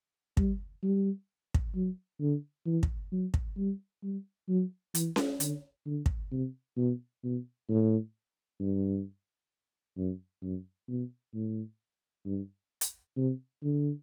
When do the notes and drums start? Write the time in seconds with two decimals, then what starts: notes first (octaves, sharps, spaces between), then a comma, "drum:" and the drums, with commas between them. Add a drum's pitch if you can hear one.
0.37 G3, drum: kick
0.83 G3
1.54 drum: kick
1.75 F#3
2.20 D3
2.66 E3
2.83 drum: kick
3.12 F#3
3.34 drum: kick
3.57 G3
4.03 G3
4.49 F#3
4.95 E3, drum: hi-hat
5.16 drum: snare C#4
5.40 D3, drum: hi-hat
5.86 D3
6.06 drum: kick
6.32 C3
6.77 B2
7.23 B2
7.69 A2
8.60 G2
9.97 F#2
10.43 F#2
10.89 B2
11.34 A2
12.26 G2
12.81 drum: hi-hat
13.17 C3
13.63 D3